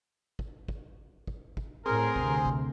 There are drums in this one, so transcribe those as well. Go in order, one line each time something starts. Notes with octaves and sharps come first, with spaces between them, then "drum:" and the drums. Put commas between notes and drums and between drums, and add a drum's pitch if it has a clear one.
drum: kick
drum: kick
drum: kick
drum: kick
A2 C4 G#4 A#4
D2 C3, drum: kick
drum: kick